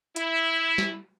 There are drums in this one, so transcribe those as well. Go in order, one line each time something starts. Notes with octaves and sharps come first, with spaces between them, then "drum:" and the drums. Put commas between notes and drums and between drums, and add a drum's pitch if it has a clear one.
E4, drum: hi-hat
drum: snare